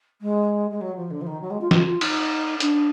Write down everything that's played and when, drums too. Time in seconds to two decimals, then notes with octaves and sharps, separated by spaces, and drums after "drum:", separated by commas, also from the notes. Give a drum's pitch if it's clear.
0.21 G#3
0.70 G#3
0.81 F#3
0.96 F3
1.10 D3
1.21 F3
1.26 D#3
1.41 F#3
1.50 G#3
1.61 F4
1.71 F4, drum: snare
1.86 F4
2.01 D#4, drum: cymbal
2.60 D4, drum: hi-hat